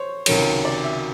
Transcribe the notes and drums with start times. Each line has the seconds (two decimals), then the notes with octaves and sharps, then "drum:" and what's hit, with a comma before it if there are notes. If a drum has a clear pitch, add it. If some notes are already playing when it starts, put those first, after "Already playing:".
Already playing: C5 C#5
0.26 C#2 C3 D#3 F#3, drum: cymbal
0.65 D5
0.84 E5